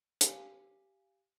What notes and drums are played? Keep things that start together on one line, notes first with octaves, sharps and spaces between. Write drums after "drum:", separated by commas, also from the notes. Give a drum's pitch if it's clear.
G4 F5 G#5, drum: hi-hat